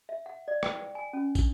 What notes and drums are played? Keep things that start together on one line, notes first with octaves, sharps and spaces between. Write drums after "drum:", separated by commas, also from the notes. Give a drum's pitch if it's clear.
E5
F#5
D5
G5, drum: rim click
G#5
C#4
D4, drum: kick, tambourine